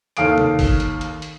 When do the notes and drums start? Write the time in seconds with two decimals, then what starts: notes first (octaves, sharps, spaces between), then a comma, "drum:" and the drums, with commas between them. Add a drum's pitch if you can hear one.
0.17 D#2 A4 F5 D#6 D7, drum: hi-hat
0.38 drum: tom
0.59 drum: kick, open hi-hat
0.80 drum: hi-hat
1.01 drum: hi-hat
1.22 drum: hi-hat